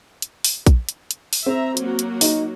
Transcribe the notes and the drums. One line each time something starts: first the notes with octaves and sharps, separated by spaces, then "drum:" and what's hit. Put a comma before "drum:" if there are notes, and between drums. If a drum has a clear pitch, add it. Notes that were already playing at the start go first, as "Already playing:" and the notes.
drum: hi-hat
drum: open hi-hat
drum: kick A#1, hi-hat
drum: hi-hat
drum: hi-hat
drum: open hi-hat
C4 E5 A#5
F#3 A#3 F#4, drum: hi-hat
drum: hi-hat
D#4, drum: open hi-hat